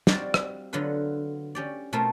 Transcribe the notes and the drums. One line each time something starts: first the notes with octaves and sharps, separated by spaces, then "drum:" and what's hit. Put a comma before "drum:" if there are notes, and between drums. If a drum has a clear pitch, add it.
G3 C4 F4 F#4 D5, drum: snare
drum: rim click
D3 F#3 B3 F4 B4
C#4 G4 D5
B2 A3 C4 F4 A#4